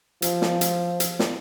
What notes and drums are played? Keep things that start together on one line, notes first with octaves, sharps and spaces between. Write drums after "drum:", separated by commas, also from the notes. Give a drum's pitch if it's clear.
F3, drum: hi-hat
drum: snare
drum: hi-hat
drum: hi-hat
drum: snare